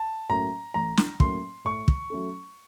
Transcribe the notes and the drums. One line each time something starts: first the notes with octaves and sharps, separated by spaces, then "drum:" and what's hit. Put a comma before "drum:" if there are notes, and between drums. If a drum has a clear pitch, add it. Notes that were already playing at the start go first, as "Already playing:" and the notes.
Already playing: A5
A2 F#3 A#3 C#4 A#5
A1 A#5
drum: snare
A2 F#3 A#3 C#4 C6, drum: kick
A2 C#6
drum: kick
F#3 A3 C#4 A4